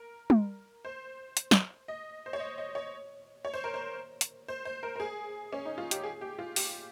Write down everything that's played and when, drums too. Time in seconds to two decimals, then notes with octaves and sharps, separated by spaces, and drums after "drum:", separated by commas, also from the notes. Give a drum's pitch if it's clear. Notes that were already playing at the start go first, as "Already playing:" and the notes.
Already playing: A#4
0.30 drum: tom
0.85 C5
1.37 drum: hi-hat
1.51 drum: snare
1.88 D#5
2.26 C5
2.33 C#5
2.40 D#5
2.58 D#5
2.75 C#5
3.45 C#5
3.54 C5
3.64 A#4
3.74 C5
4.21 drum: hi-hat
4.48 C5
4.65 C5
4.83 A#4
4.96 A#4
5.00 G#4
5.53 C#4
5.65 D#4
5.78 F4
5.91 G4, drum: hi-hat
6.03 G#4
6.21 G4
6.39 F4
6.56 G4, drum: open hi-hat